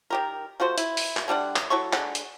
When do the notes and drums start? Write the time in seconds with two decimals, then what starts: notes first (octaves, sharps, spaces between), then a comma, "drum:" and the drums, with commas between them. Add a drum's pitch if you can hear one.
0.10 D#3 G4 A#4
0.60 F3 A3 F#4 C5
0.78 E4, drum: hi-hat
0.97 drum: open hi-hat
1.17 drum: clap
1.28 D3 G3 D4 F#5
1.56 drum: clap
1.70 F#3 E4 A4 C#6
1.93 D3 G#3 F#5, drum: clap
2.15 drum: hi-hat